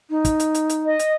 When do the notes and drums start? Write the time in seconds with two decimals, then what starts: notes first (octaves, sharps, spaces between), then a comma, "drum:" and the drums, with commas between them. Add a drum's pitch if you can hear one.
0.10 D#4
0.25 drum: kick, hi-hat
0.40 drum: hi-hat
0.54 drum: hi-hat
0.69 drum: hi-hat
0.84 D#5
0.99 drum: hi-hat